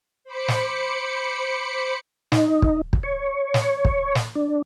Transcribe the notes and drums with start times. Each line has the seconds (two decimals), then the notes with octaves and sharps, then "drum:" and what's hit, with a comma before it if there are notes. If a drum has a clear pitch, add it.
0.24 C5 B5 D6 C#7
0.48 drum: snare
2.32 D#4, drum: snare
2.62 drum: kick
2.93 drum: kick
3.03 C#5
3.54 drum: snare
3.85 drum: kick
4.15 drum: snare
4.35 D4